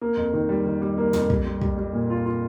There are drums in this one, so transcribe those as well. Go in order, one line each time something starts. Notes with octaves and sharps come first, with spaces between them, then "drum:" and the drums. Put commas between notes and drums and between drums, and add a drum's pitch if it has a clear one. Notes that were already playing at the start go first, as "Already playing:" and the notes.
A#3
F2
D#3
G3
D#3
G3
A#3
F2, drum: tom
G3, drum: kick
G3
G3, drum: kick
G3
A#2
F4
F4